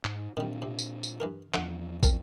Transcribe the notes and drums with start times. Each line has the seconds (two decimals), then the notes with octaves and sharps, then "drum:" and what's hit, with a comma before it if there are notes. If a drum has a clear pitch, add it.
0.05 G#2, drum: clap
0.37 A#2 D#3 G3 C4 D4
0.62 C3
0.79 drum: tambourine
1.03 drum: tambourine
1.20 G2 E3 A#4
1.54 E2 D3 F3 E5 F#5, drum: clap
2.03 C4 A#4 A5, drum: kick, tambourine